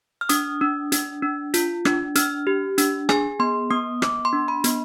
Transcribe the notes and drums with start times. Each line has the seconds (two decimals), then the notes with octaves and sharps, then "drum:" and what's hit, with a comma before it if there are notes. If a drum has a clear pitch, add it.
0.21 F6
0.29 D4 D#6, drum: hi-hat
0.61 D4
0.92 D4, drum: hi-hat
1.22 D4
1.54 F4, drum: hi-hat
1.85 D4, drum: rim click
2.15 D4 F6, drum: hi-hat
2.47 G4
2.78 D4, drum: hi-hat
3.09 G#4 G#5, drum: rim click
3.39 B3 C6
3.71 B3 D#6
4.02 B3 D6, drum: rim click
4.25 C6
4.33 D4
4.48 B5
4.64 B3, drum: hi-hat